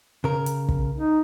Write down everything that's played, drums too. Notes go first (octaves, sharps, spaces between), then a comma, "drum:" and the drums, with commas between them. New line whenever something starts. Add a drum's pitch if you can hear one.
C#3 A#4
drum: hi-hat
drum: kick
D#4